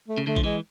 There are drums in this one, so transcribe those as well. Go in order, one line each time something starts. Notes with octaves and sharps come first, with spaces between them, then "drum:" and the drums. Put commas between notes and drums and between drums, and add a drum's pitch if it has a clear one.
A3
C#3
D3 A3
F3, drum: kick A1
E3 G#3